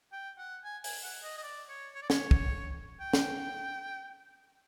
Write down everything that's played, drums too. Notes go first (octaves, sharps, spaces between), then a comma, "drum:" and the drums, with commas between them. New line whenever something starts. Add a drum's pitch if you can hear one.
G5
F#5
G#5
G#5, drum: open hi-hat
F#5
D#5
D#5
D5
C#5
C#5
D5
C#5, drum: snare
drum: kick
G5
drum: snare